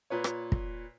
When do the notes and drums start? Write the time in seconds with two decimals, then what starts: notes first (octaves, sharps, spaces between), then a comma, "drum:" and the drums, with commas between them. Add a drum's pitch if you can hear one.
0.10 A#2 B4 C#5
0.24 drum: rim click
0.52 drum: kick